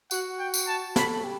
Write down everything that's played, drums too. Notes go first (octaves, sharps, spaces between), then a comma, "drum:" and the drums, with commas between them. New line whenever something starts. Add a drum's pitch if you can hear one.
F#4 F#5, drum: tambourine
G5
drum: tambourine
A5
A4 B5, drum: snare
G4